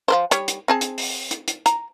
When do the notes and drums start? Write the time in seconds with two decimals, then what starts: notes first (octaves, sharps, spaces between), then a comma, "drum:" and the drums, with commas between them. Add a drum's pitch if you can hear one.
0.08 F3 A#4 C5
0.31 G3 C#5, drum: hi-hat
0.48 drum: hi-hat
0.68 C4 G#4 A5
0.81 drum: hi-hat
0.98 drum: open hi-hat
1.31 drum: hi-hat
1.48 drum: hi-hat
1.66 A#5, drum: hi-hat